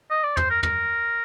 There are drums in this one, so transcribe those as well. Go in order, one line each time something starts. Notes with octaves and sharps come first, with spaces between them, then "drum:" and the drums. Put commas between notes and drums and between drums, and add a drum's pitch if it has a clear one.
D#5
D5
C5, drum: tom
A#4
A#4, drum: tom